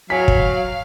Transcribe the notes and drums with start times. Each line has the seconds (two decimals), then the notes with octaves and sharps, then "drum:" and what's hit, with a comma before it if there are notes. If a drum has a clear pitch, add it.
0.10 F#3 F5 G#5 B6
0.28 drum: kick